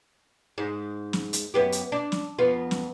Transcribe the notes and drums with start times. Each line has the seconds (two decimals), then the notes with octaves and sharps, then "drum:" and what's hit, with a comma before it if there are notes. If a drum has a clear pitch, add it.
0.58 G#2
1.13 drum: snare
1.33 drum: hi-hat
1.54 F#2 B3 G4
1.72 drum: hi-hat
1.92 D4
2.12 drum: snare
2.39 F2 B3 F4
2.71 drum: snare